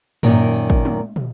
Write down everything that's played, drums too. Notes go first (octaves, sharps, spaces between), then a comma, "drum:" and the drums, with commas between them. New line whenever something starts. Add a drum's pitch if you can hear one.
F#2 A#2 D#3, drum: tom
drum: tambourine
drum: kick
drum: tom
drum: tom